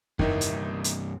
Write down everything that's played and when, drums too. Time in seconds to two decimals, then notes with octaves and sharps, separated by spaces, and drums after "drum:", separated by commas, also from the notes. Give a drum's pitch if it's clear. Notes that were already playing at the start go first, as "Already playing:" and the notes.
0.19 G1 C2 G2 D#3 D#4 E5, drum: kick F2
0.41 drum: hi-hat
0.84 drum: hi-hat